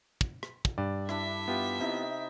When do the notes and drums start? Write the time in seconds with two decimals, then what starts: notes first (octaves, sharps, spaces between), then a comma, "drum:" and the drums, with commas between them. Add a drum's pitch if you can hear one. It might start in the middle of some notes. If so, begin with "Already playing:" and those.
0.21 drum: kick
0.43 drum: rim click
0.65 drum: kick
0.78 G2 D5
1.09 D4 E4 E5 B6, drum: rim click
1.48 B3 F4 G4
1.79 C3 D#4 E4